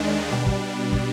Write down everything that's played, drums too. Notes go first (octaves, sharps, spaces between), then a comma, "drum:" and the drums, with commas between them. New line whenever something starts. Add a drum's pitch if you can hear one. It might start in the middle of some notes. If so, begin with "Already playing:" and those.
Already playing: D#2 D#3 G#3 D4
B2 G3 D4
drum: kick
drum: kick